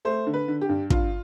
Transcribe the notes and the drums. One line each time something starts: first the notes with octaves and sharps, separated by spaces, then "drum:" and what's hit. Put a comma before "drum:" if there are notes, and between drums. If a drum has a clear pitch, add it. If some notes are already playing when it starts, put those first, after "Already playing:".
A3 C5
D3
B4
D3
G4
G2
G2 F4, drum: kick